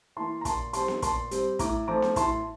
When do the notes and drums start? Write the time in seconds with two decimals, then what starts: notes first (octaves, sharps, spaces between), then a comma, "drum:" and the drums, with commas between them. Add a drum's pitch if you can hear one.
0.17 E3 A#3 A5 C6
0.41 A#5
0.45 A#2 A5 C6, drum: kick, hi-hat
0.73 G3 C4 A5 C6, drum: hi-hat
0.88 drum: snare B3
1.02 A#2 A5 C6, drum: kick, hi-hat
1.31 G3 C4, drum: hi-hat
1.59 A2 A#5 D6, drum: kick, hi-hat
1.87 F3 A3 C4 A#5 D6
2.02 drum: snare B3
2.16 A2 A5 C6, drum: kick, hi-hat